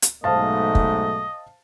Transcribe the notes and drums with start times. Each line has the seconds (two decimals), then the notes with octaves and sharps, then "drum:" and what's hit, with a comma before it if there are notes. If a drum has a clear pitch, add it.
0.02 drum: hi-hat
0.24 B1 G#2 A3 C5 D#5 F5 A5
0.75 drum: kick